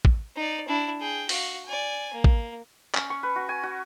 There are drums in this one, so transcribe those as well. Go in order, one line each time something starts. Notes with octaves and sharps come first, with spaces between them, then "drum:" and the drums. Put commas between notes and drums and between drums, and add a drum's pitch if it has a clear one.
drum: kick
D#4 D5
D4 E4
G#4 G5
F#4 F5, drum: open hi-hat
D5 G#5
A#3
drum: kick
C#4, drum: clap
C#6
B4
F#4
G#5
F#4